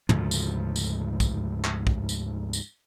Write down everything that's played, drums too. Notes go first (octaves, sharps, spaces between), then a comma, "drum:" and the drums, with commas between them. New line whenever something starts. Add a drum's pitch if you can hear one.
D2 G#2 C#3 F3, drum: tom
drum: tambourine
drum: tambourine
drum: kick, tambourine
drum: clap
drum: kick
drum: tambourine
drum: tambourine